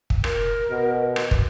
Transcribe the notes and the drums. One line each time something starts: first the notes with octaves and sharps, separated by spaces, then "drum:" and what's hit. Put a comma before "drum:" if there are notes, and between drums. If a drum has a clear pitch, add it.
drum: kick
A#4, drum: rim click
B2
drum: rim click
drum: kick